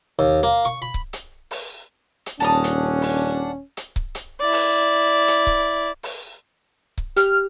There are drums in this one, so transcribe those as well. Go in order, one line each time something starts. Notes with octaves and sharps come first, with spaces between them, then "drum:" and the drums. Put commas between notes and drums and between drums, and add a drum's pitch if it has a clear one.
D#2
A#3
C#6
B5
drum: kick C#1
drum: hi-hat
drum: open hi-hat
drum: hi-hat
D#1 C#4 D4 F#5 A5 A#5 D#6
drum: hi-hat
drum: open hi-hat
drum: hi-hat
drum: kick C#1
drum: hi-hat
E4 D5
drum: open hi-hat
drum: hi-hat
drum: kick C#1
drum: open hi-hat
drum: kick C#1
G4 F6, drum: hi-hat